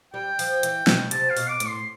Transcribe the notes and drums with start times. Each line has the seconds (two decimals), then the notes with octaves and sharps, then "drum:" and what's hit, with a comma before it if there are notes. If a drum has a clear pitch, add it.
0.14 G3 G5
0.39 F3, drum: open hi-hat
0.63 E3, drum: hi-hat
0.87 B2, drum: snare
1.11 C3 A5, drum: hi-hat
1.30 F5
1.37 B2, drum: open hi-hat
1.49 D6
1.60 A2, drum: hi-hat
1.67 C6